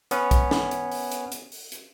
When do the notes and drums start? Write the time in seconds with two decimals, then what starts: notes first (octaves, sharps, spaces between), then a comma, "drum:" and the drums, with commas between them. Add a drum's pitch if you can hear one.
0.11 B3 C#4 B4, drum: hi-hat
0.31 drum: kick B1, hi-hat
0.51 drum: snare
0.71 drum: hi-hat
0.92 drum: open hi-hat
1.12 drum: hi-hat
1.32 drum: hi-hat
1.52 drum: open hi-hat
1.72 drum: hi-hat